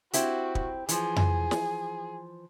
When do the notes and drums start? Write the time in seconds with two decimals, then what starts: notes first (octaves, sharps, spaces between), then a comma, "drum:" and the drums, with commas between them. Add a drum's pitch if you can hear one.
0.13 C4 E4 F#4 G4, drum: hi-hat
0.55 drum: kick
0.89 E3 F3 G#4, drum: hi-hat
1.16 drum: tom F2
1.51 drum: snare